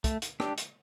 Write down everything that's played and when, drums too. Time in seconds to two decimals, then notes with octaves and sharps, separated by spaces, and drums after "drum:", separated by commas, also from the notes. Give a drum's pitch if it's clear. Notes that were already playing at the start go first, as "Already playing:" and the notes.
0.04 A3, drum: kick, hi-hat
0.22 drum: hi-hat
0.40 D4 G4, drum: rim click
0.58 drum: hi-hat